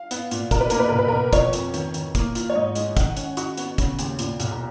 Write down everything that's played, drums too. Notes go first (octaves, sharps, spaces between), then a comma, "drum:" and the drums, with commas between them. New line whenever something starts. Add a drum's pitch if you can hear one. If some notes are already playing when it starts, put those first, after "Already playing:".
Already playing: F5
B3, drum: hi-hat
A#2, drum: hi-hat
B2 A#4, drum: kick, hi-hat
B4
A#3 A#4, drum: hi-hat
B4
B1 A#4
B4
B1 A#4
F3 C#5, drum: kick, hi-hat
F2, drum: hi-hat
D#3, drum: hi-hat
D#3, drum: hi-hat
A#3, drum: kick, hi-hat
F4, drum: hi-hat
C#5
G#2 D#5
G#3, drum: hi-hat
D#3 F#5, drum: kick, hi-hat
C#4, drum: hi-hat
F#4 C#6, drum: hi-hat
B3, drum: hi-hat
C#3, drum: kick, hi-hat
D#2, drum: hi-hat
A#2, drum: hi-hat
B1, drum: hi-hat
A#5